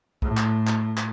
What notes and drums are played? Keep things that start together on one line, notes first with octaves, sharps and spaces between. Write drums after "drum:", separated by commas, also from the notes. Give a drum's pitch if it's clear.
A2, drum: kick B1
drum: clap
drum: clap
drum: clap